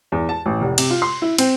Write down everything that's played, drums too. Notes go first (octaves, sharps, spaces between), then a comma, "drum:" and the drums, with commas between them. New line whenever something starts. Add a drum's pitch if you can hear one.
E2
A5
A1
F1
C3, drum: cymbal
F4
C6
E4
C4, drum: cymbal